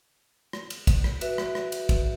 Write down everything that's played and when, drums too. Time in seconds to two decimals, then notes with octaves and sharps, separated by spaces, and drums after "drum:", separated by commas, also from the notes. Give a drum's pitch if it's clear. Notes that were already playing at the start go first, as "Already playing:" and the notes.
0.53 drum: rim click
0.70 drum: cymbal
0.87 drum: kick, cymbal
1.04 drum: rim click
1.21 F#4 B4 E5, drum: cymbal
1.38 drum: rim click
1.55 drum: rim click
1.72 drum: cymbal
1.89 drum: kick, cymbal